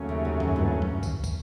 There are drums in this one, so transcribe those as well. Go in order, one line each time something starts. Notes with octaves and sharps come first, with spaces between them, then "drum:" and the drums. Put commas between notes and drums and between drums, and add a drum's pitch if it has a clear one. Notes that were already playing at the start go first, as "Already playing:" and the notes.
Already playing: D#2 C#3 F#3 A3 C#4
C3
C3
F#2, drum: tom G2
G2
drum: tom G2
drum: kick, tambourine
drum: kick, tambourine